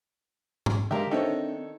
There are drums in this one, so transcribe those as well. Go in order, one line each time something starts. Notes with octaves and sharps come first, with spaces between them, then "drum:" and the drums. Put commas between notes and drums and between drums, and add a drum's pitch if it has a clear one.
drum: tom
D3 G#3 G4 A#4 E5 F5
D#3 C4 D4 D#4 A4 C#5 E5